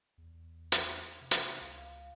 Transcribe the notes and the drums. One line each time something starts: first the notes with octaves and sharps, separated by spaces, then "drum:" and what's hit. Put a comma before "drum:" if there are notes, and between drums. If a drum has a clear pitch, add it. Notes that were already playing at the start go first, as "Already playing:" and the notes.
E2
drum: hi-hat
C3
drum: hi-hat
C#2 F5